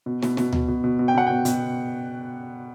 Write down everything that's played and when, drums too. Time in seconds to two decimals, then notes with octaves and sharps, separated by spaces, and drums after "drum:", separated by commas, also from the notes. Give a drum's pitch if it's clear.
0.06 B2
0.22 B2, drum: snare
0.37 B2, drum: snare
0.52 B2, drum: tom D2
0.68 B2
0.84 B2
0.99 B2
1.08 G5
1.15 B2 F#5
1.27 B2 G5
1.45 B2, drum: hi-hat